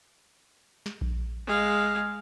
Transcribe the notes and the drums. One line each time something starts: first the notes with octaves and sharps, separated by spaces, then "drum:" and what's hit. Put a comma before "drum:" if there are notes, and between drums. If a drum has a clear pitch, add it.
drum: snare
drum: kick A#1
G#3 F5